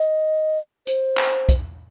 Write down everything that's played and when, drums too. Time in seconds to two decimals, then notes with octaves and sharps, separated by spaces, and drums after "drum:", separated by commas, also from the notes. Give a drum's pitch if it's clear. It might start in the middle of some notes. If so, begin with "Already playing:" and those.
Already playing: D#5
0.87 C5, drum: hi-hat
1.17 drum: clap
1.49 drum: kick, hi-hat